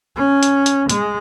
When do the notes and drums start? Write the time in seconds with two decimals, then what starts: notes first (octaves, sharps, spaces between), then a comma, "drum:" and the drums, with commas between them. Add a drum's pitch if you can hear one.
0.16 C#4
0.43 drum: hi-hat
0.66 drum: hi-hat
0.89 G#3, drum: hi-hat